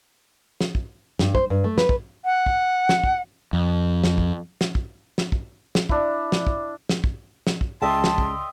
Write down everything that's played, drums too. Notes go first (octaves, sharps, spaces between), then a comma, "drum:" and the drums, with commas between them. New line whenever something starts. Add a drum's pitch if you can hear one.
drum: snare
drum: kick
G2, drum: snare
C5, drum: kick
G2
A3
B4, drum: snare
drum: kick
F#5
drum: kick
drum: snare
drum: kick
F2
drum: snare
drum: kick
drum: snare
drum: kick
drum: snare
drum: kick
drum: snare
D4 E4, drum: kick
drum: snare
drum: kick
drum: snare
drum: kick
drum: snare
drum: kick
C#2 C#3 D#5 E5 G5 A5 C6
drum: snare
drum: kick